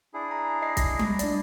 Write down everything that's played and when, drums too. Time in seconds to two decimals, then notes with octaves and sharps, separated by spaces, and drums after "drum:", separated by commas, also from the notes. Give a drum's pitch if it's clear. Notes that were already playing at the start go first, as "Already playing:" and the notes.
0.14 D4 E4 G#4
0.31 A#5
0.62 D#5 C7
0.77 A#6, drum: kick, hi-hat
0.99 drum: tom G3
1.19 D4 D5, drum: hi-hat